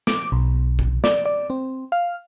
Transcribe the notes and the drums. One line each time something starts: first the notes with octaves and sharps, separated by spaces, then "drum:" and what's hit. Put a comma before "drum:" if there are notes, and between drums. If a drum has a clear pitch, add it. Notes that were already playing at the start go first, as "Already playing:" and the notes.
D6, drum: snare
B1
drum: kick
D5, drum: snare
D5
C4
F5